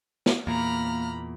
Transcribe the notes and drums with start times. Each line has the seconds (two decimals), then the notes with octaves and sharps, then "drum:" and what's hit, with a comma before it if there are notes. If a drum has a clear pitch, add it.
0.26 drum: snare
0.47 E2 A#2 A#3 A#5 B5 F6